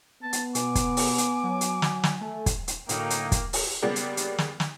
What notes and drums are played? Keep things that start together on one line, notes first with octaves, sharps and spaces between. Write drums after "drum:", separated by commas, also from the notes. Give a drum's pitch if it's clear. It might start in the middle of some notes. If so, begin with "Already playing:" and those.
B3 A5
drum: hi-hat
B2 G#5 D6, drum: hi-hat
drum: kick, hi-hat
drum: open hi-hat
drum: hi-hat
F#3
drum: hi-hat
drum: snare
drum: snare
A3
drum: kick, hi-hat
drum: hi-hat
A2 D3 F#3 A#3 D#4 G5, drum: hi-hat
drum: hi-hat
drum: kick, hi-hat
drum: open hi-hat
C#3 G3 A#3 B3 D4 G4
drum: hi-hat
drum: hi-hat
drum: snare
drum: snare